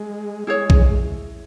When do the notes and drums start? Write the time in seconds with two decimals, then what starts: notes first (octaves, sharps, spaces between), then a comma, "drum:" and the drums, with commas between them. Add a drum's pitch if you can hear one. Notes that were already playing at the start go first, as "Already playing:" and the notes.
Already playing: G#3
0.47 G#3 E4 G#4 C#5
0.70 drum: kick A#1